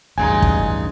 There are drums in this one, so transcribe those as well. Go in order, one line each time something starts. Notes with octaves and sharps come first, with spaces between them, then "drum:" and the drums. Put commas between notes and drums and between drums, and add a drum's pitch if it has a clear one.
A1 D2 G2 C#3 G#3 D#4 G#5
drum: kick